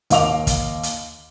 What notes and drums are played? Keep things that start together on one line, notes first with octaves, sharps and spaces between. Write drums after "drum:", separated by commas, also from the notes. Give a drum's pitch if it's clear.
D#2 D#5 F5 D6 F7, drum: hi-hat
drum: kick, hi-hat
drum: hi-hat